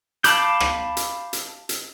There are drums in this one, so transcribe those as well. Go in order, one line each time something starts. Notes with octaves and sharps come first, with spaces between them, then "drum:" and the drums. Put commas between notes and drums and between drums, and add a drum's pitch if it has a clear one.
F5 A5 B5 D6 G6, drum: hi-hat
drum: rim click
drum: hi-hat
drum: hi-hat
drum: hi-hat